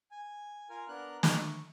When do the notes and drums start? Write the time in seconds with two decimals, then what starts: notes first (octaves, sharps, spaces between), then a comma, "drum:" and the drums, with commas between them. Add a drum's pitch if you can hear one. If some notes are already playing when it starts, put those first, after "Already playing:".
0.11 G#5
0.70 F4 A#4 G#5
0.89 B3 D4 A#4 F#6
1.23 D#5 E5 A5 A#5 C#6 F6, drum: snare
1.39 C#6